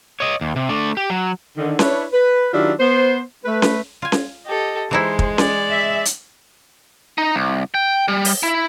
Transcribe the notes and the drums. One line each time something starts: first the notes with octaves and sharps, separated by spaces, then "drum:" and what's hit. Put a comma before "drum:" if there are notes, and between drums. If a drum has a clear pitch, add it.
C#5 D#5
D#2
C3
A3 D4
G4
F#3
D3 D#3
D4 E4 B4 C#5, drum: snare C#4
B4
D#3 F#3 D4 E4 F4 G4
B3 C5
A3 B4
drum: snare C#4
F4 G#5
drum: snare C#4
G4 A4 D#5
E3 G#3 D#4 E4 C5
drum: kick
D5, drum: snare C#4
E5
drum: hi-hat
D#4
C2
G5
G3
drum: open hi-hat
E4